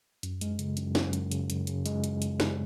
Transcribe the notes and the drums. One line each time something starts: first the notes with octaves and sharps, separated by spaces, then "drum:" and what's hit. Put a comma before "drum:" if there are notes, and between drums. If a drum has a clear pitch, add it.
F#2, drum: hi-hat
G#3, drum: hi-hat
C#3, drum: hi-hat
F#2, drum: hi-hat
F#2, drum: snare
F#2, drum: hi-hat
C#3, drum: hi-hat
F#2, drum: hi-hat
C#3, drum: hi-hat
G#3, drum: hi-hat
drum: hi-hat
drum: hi-hat
drum: snare